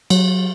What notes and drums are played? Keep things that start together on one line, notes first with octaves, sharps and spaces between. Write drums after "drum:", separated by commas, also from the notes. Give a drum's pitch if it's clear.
F#3, drum: cymbal